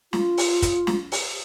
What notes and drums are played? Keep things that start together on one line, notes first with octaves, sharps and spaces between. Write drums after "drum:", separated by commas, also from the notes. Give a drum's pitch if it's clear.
F4, drum: snare
drum: open hi-hat
drum: kick, hi-hat
drum: snare
drum: open hi-hat